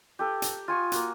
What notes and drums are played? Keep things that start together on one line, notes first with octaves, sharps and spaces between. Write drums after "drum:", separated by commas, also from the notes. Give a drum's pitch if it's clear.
G4 A4 B4
A#5, drum: hi-hat
F4 G#5 C#6 D#6
A#3 F#4, drum: hi-hat